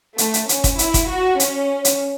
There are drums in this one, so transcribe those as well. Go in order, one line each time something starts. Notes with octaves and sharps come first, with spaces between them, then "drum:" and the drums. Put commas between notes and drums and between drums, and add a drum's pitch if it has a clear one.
A3, drum: hi-hat
drum: hi-hat
C#4, drum: hi-hat
drum: kick, hi-hat
E4, drum: hi-hat
drum: kick, hi-hat
F#4
C#4, drum: hi-hat
drum: hi-hat